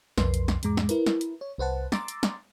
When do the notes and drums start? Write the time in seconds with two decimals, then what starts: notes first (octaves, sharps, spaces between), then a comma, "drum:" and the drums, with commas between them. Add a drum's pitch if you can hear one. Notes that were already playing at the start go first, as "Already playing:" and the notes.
0.18 B1 F2 A#4 B4 C6, drum: snare
0.34 drum: hi-hat
0.48 drum: snare
0.63 E2 G#2 G#3 A#5 D6, drum: hi-hat
0.77 drum: snare
0.89 E4 A#4 B4, drum: hi-hat
1.06 drum: snare
1.21 drum: hi-hat
1.41 C#5
1.58 C2 B4 C5 F#5 A5
1.92 A#5 C6 D6 E6 A6, drum: snare
2.08 drum: hi-hat
2.23 drum: snare